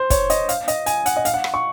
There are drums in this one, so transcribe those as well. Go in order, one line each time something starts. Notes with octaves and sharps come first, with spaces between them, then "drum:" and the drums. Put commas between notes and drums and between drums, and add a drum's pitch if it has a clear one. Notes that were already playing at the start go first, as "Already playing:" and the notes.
Already playing: C5
C#5, drum: kick, hi-hat
D#5, drum: hi-hat
F5, drum: hi-hat
D#5, drum: hi-hat
G#5, drum: hi-hat
F#5, drum: hi-hat
D#5
F5, drum: hi-hat
F#5
drum: rim click
C#6